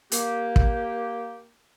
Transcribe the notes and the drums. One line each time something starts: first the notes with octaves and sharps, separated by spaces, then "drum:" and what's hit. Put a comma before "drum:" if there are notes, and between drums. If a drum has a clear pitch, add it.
A#3 G4, drum: hi-hat
drum: kick